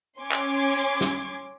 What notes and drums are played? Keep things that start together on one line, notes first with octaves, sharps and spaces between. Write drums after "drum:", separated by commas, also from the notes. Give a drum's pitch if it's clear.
C#4 C6 D6 G#6
drum: clap
drum: snare